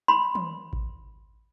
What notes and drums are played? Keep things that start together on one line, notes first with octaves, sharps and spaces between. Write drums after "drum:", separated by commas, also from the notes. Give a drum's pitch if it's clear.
B5 C6
drum: tom
drum: kick G#1